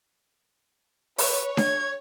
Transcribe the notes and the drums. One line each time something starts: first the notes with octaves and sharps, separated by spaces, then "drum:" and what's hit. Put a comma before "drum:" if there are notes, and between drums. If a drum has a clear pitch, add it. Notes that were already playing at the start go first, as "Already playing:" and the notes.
B4 C#5, drum: open hi-hat
G#6, drum: snare D4